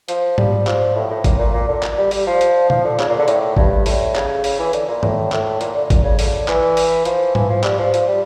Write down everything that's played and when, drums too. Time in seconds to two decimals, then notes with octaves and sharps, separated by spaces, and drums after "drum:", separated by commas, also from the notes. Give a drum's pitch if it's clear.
0.08 F3, drum: hi-hat
0.38 G3, drum: tom G#2
0.67 F3, drum: clap
0.96 A2
1.11 A2
1.24 A#2, drum: kick G#1, hi-hat
1.39 A#2
1.54 A#2
1.68 D3
1.83 drum: clap
1.98 G3
2.11 G3, drum: open hi-hat
2.27 F3
2.41 drum: hi-hat
2.70 F3, drum: tom A#2
2.85 D3
3.00 C#3, drum: clap
3.09 A#2
3.19 D3
3.28 A2, drum: hi-hat
3.57 G2, drum: kick G#1
3.86 A2, drum: open hi-hat
4.16 C#3, drum: clap
4.44 C#3, drum: open hi-hat
4.59 E3
4.73 D3, drum: hi-hat
4.88 A#2
5.03 A2, drum: tom
5.32 A2, drum: clap
5.61 A#2, drum: hi-hat
5.75 D3
5.90 A#2, drum: kick G#1, hi-hat
6.04 C#3
6.19 D3, drum: open hi-hat
6.48 E3, drum: clap
6.77 drum: open hi-hat
7.05 F3, drum: hi-hat
7.35 E3, drum: tom G#2
7.50 F3
7.64 G3, drum: clap
7.79 F3
7.94 F3, drum: hi-hat
8.08 G3